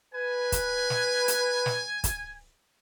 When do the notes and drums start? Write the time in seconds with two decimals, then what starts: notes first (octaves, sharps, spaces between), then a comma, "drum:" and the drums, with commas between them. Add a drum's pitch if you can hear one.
0.14 B4 G#5
0.52 drum: kick, hi-hat
0.90 drum: snare
1.28 drum: hi-hat
1.66 drum: snare
2.04 drum: kick, hi-hat